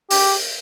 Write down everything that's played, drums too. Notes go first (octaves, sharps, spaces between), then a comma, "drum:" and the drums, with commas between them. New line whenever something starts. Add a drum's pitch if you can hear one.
G4, drum: open hi-hat